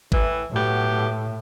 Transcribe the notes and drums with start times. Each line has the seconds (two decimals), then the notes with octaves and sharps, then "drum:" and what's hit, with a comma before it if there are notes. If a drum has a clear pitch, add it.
0.12 A2 E3, drum: kick G#1
0.52 A2 F#3 B3 G4